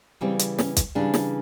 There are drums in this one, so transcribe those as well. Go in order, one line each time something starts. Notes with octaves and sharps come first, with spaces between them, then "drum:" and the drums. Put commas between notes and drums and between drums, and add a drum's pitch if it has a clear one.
C#3 E3 G3 C4
drum: hi-hat
C#4, drum: snare
drum: kick, hi-hat
C#3 E3 G3 D4
drum: snare